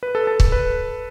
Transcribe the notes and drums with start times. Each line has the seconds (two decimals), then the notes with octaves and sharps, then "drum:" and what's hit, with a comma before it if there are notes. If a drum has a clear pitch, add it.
0.03 B4
0.15 A4
0.27 A4
0.40 A4, drum: kick
0.52 B4